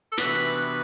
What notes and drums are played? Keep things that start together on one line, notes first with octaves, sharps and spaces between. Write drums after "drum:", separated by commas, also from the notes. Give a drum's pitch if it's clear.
A4
C3 E3 B3 D4 F#4 B4, drum: hi-hat